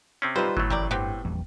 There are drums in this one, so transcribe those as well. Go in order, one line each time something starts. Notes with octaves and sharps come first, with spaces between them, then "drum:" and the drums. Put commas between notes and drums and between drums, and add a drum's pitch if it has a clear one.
C3 C4 C#4
G3 D#4 F4 B4 C5
A2 F#3 A3, drum: kick G1
A1 G4 A#4 D5
G2 B3 C4 G4
A#1 E2 G3